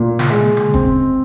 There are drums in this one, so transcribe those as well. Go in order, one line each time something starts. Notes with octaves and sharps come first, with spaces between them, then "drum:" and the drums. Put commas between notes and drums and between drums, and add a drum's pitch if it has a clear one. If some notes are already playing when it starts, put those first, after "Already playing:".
Already playing: A#2
drum: snare
G#3
drum: tom C#3
C4, drum: kick